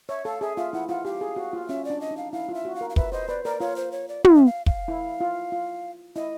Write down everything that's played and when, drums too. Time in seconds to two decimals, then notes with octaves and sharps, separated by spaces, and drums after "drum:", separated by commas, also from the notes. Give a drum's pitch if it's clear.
0.09 C#5 E5
0.25 A4 F5
0.41 G#4 E5
0.57 F4 E5
0.73 E4 F#5
0.89 F4 F#5
1.05 G4 F5
1.21 G#4
1.36 F#4
1.53 F4
1.69 C#4 E5
1.85 D5
1.90 D4
2.01 D#5
2.11 D#4
2.17 F5
2.33 E4 F5
2.49 F4
2.55 E5
2.65 F#4
2.75 F5
2.81 A#4
2.90 F5
2.96 B4 E5, drum: kick
3.12 C5 D#5
3.29 B4 D5
3.45 A#4 D5
3.60 F4 C#5
3.76 C5
3.92 C#5
4.09 D5
4.24 F#5, drum: tom
4.35 E5
4.46 F5
4.66 F5, drum: kick
4.88 E4
5.21 F4
5.52 F4
6.16 E4 D#5